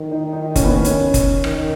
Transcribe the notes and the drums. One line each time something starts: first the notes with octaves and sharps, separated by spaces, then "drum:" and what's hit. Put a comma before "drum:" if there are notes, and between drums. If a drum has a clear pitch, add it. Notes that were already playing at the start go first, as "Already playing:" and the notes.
Already playing: D#3
D#4
D#4
C#4, drum: kick F#1, hi-hat
B3
C#4
drum: hi-hat
drum: kick F#1, hi-hat
D#3, drum: rim click